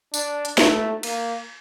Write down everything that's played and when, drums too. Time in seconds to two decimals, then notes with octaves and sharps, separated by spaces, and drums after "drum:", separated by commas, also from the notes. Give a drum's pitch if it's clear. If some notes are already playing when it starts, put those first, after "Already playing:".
0.14 D4, drum: tambourine
0.45 drum: hi-hat
0.58 A3, drum: snare
1.03 A#3, drum: cymbal